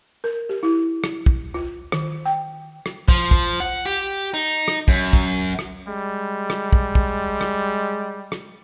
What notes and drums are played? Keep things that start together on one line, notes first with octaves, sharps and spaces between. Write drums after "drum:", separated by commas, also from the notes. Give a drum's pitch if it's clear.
A#4
G4
E4
drum: rim click
drum: kick
F4
D#3, drum: rim click
G5
drum: rim click
F3, drum: kick
drum: kick
F#5
G4
D#4
drum: rim click
F#2, drum: kick
drum: kick
drum: rim click
G3 G#3
drum: rim click
drum: kick
drum: kick
drum: rim click
drum: rim click